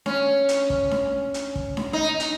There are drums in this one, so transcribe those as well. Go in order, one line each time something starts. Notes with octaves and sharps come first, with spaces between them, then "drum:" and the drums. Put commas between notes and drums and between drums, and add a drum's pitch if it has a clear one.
C#4, drum: snare D4
drum: hi-hat
drum: kick
drum: snare D4
drum: hi-hat
drum: kick
drum: snare D4
D#4
drum: hi-hat